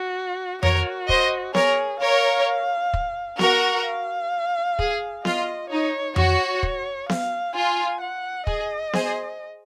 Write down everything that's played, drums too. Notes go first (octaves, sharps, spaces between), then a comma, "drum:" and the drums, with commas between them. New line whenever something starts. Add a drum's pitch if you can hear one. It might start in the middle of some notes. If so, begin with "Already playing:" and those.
Already playing: F#4
F#4 A#4 C#5, drum: tom F2
C5 D#5, drum: kick
G#4 A#4 C#5, drum: snare B3
A#4 C#5 F5
drum: kick
F#4 A#4 F#5, drum: snare B3
F5
G#4, drum: kick
F4 D#5, drum: snare B3
D#4 C#5
F#4 C#5, drum: tom F2
drum: kick
F5, drum: snare B3
F4 G#5
F#5
G#4 D#5, drum: kick
G#4 C5, drum: snare B3